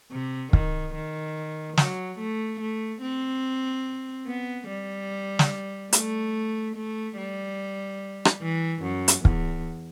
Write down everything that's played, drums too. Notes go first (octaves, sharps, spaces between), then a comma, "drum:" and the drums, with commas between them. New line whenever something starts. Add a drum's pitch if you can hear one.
C3
D#3, drum: kick
D#3
F#3, drum: snare
A3
A3
C4
B3
G3
drum: snare
A3, drum: hi-hat
A3
G3
drum: rim click
E3
F#2
drum: hi-hat
E2, drum: kick